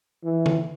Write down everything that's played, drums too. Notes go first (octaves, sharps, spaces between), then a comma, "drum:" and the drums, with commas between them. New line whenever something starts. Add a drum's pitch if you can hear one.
E3
drum: tom D3